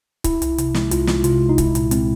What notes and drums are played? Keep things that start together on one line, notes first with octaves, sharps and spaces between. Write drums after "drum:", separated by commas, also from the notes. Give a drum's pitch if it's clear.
C2 E4, drum: kick C#1, hi-hat
C2, drum: hi-hat
C3, drum: hi-hat
G#3, drum: snare
C2 F4, drum: hi-hat
G#3, drum: snare
C3 F4, drum: hi-hat
G#3
D#4
C2 E4, drum: kick C#1, hi-hat
A#2, drum: hi-hat
G#3 C4, drum: hi-hat